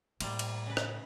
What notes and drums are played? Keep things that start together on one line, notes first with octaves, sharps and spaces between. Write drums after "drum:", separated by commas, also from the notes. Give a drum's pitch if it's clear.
A2 G3 A#3 C5, drum: cymbal
drum: cymbal
C#3 B4
drum: rim click